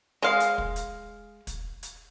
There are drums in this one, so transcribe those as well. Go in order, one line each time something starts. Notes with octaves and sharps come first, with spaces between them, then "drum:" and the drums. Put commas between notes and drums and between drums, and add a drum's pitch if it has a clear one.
G#3 F5
drum: hi-hat
drum: kick
drum: hi-hat
drum: kick, hi-hat
drum: hi-hat